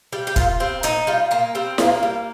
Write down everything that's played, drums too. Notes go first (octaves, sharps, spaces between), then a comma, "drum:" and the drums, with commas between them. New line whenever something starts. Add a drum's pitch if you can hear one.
G3 G4
G4
A#2 F4, drum: kick, hi-hat
G3 C4
A#2 D#4, drum: hi-hat
G3 F4
A#2 A#3
G3 C4
A#2 A#3, drum: snare E4
G3